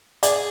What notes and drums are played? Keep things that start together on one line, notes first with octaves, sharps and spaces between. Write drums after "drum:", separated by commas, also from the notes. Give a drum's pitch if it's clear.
G#4 D5, drum: hi-hat